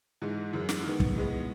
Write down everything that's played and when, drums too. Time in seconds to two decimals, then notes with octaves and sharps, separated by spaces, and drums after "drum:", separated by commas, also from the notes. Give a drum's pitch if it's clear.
0.22 G#2 E3 G#3 D#4
0.53 F#2 E3 G#3
0.69 drum: snare
0.84 D#3 G#3 B3
1.00 drum: kick
1.15 A2 G#3 B3